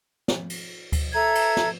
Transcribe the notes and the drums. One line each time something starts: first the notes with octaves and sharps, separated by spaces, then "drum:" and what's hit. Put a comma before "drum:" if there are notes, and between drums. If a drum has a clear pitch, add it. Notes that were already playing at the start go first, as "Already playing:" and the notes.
drum: snare
drum: cymbal
drum: kick D2, cymbal
A4 E5 A#5 G#6
drum: cymbal
drum: snare